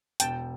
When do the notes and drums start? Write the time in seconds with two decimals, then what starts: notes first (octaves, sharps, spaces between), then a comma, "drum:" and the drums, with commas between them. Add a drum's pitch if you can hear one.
0.20 E1 G5 A5, drum: hi-hat